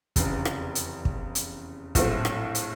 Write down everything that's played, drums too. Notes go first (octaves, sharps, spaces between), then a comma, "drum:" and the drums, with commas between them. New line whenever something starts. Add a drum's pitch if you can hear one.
F1 E2 C#3, drum: kick, hi-hat
drum: rim click
drum: hi-hat
drum: kick
drum: hi-hat
A#1 A2 F#3 A3 C4, drum: kick, hi-hat
drum: rim click
drum: hi-hat